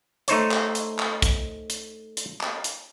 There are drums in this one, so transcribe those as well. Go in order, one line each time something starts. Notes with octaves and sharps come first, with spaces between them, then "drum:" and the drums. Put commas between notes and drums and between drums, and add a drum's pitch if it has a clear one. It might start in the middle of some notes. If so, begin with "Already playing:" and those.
A3 D#4 C5 C#5, drum: hi-hat
drum: clap
drum: hi-hat
drum: clap
drum: kick, hi-hat
drum: hi-hat
drum: hi-hat
drum: clap
drum: hi-hat